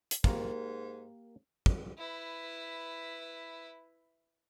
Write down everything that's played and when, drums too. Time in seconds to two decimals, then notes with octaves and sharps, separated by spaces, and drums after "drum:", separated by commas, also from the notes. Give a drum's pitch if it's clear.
0.11 drum: hi-hat
0.24 G#2 A#3 G4 A#4, drum: kick
1.66 drum: kick
1.97 E4 B4